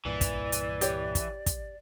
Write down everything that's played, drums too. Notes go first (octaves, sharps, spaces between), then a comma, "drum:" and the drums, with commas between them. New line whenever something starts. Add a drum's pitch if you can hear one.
C2 G2 A#2 E3 D5
drum: kick, hi-hat
drum: hi-hat
G4 C#5, drum: hi-hat
drum: kick, hi-hat
drum: kick, hi-hat